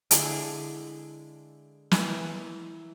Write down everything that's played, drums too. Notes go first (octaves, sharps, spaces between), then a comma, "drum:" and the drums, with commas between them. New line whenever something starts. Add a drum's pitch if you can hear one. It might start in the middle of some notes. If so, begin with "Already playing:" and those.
D3 G#3 E4 G#4, drum: hi-hat
E3 E5 A#5, drum: snare